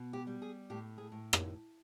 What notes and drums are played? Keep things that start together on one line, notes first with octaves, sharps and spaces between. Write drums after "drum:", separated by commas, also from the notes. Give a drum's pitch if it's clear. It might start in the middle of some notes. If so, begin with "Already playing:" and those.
Already playing: B2
G4
G3
G#4
A2 G4
G#4
A2
drum: rim click